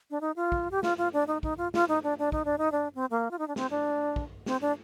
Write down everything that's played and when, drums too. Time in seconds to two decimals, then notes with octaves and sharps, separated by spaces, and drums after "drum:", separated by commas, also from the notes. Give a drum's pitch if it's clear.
0.11 D4
0.21 D#4
0.36 F4
0.52 drum: kick
0.71 G4
0.83 F4, drum: snare
0.98 F4
1.13 D4
1.27 D#4
1.43 D#4, drum: kick
1.58 F4
1.74 F4, drum: snare
1.88 D#4
2.03 D4
2.19 D4
2.32 D#4, drum: kick
2.45 D4
2.58 D#4
2.72 D4
2.95 C4
3.10 A#3
3.31 F4
3.39 D#4
3.48 D4
3.56 C4, drum: snare
3.71 D4
4.16 drum: kick
4.46 C4, drum: snare
4.62 D4